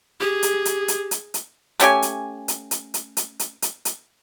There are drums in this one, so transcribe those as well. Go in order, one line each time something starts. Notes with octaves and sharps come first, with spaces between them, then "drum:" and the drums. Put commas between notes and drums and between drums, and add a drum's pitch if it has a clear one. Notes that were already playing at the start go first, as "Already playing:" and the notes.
G4 G#4
drum: hi-hat
drum: hi-hat
drum: hi-hat
drum: hi-hat
drum: hi-hat
A3 C#4 G4 G#5, drum: hi-hat
drum: hi-hat
drum: hi-hat
drum: hi-hat
drum: hi-hat
drum: hi-hat
drum: hi-hat
drum: hi-hat
drum: hi-hat